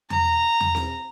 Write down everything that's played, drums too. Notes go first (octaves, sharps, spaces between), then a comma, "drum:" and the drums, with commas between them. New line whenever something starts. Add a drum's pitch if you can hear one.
A#5, drum: tom E2
drum: tom E2
drum: snare C4